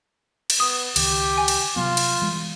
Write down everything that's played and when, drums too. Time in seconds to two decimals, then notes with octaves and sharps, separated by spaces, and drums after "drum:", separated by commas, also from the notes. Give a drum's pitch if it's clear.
0.50 drum: cymbal
0.60 B3 D#6
0.96 C#2 D#3 G4, drum: cymbal
1.38 G#5
1.48 drum: cymbal
1.76 C3 F#3 B3 F4
1.97 drum: cymbal
2.22 E3 G#3